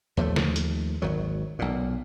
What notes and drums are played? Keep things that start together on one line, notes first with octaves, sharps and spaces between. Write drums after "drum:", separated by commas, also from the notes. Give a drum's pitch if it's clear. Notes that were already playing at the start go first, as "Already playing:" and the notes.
D#2 F3 G3 A3
drum: snare
drum: hi-hat
G#1 D#3 F#3
B1 A#2